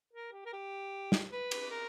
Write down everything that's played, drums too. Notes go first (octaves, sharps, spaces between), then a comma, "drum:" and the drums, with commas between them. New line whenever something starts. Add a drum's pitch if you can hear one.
A#4
G4
A#4
G4
drum: snare
B4
drum: cymbal
A#4